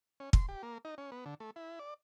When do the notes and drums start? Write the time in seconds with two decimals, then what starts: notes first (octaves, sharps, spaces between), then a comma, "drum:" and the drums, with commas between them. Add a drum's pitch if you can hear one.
0.20 C#4
0.33 C6, drum: kick
0.49 G4
0.63 A#3
0.85 D#4
0.98 C#4
1.12 B3
1.26 D3
1.40 A3
1.56 E4
1.79 D5